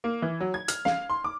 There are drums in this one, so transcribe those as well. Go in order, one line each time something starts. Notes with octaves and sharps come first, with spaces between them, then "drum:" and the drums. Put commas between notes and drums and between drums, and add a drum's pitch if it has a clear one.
A#3
E3
F#3
G#6
F6, drum: hi-hat
F5, drum: snare
C6
D6